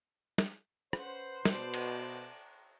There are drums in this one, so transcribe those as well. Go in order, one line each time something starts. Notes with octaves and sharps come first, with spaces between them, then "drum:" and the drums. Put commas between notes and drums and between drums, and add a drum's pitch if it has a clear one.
drum: snare
C#4 B4 C5 F#5, drum: rim click
B2 A4 D5, drum: snare
drum: cymbal